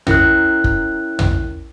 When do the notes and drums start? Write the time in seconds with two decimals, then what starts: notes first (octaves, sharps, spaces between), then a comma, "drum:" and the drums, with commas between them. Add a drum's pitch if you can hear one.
0.07 C#4 E4 A#4 F#6, drum: tom
0.64 drum: kick
1.19 drum: tom